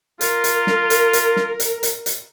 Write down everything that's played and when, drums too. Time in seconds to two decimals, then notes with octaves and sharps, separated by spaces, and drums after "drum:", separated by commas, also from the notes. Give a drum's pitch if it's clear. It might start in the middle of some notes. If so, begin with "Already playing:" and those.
0.21 F4 A#4, drum: hi-hat
0.44 drum: hi-hat
0.67 drum: snare
0.90 drum: hi-hat
1.13 drum: hi-hat
1.36 drum: snare
1.60 drum: hi-hat
1.83 drum: hi-hat
2.06 drum: hi-hat